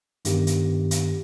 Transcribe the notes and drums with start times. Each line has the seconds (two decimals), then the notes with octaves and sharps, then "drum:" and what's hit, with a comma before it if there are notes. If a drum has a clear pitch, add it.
0.25 G2 D#3 B3 G4, drum: hi-hat
0.47 drum: hi-hat
0.91 drum: hi-hat